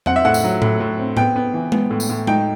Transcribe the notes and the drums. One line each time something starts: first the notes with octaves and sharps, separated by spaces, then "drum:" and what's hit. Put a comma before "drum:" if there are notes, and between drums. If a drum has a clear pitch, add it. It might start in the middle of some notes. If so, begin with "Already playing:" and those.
C4 F#5, drum: tom E2
E5
A2 F#5
drum: tambourine
F#3
A2, drum: tom A2
A2
C4
B3 G5, drum: tom A2
B3
E3
B3, drum: tom G#3
A2
drum: tambourine
A2
D#4 G5, drum: tom G#3